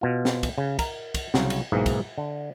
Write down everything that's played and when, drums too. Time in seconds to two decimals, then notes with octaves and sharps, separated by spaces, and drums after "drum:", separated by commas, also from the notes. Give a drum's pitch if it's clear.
0.01 B2 F4
0.25 drum: snare
0.43 drum: kick, cymbal
0.58 C#3
0.79 A#4, drum: kick, cymbal
1.14 drum: kick, cymbal
1.34 C2 C#3 F#3, drum: snare
1.50 drum: cymbal
1.72 B1 G#2 E3 A#3
1.86 drum: kick, cymbal
2.18 D3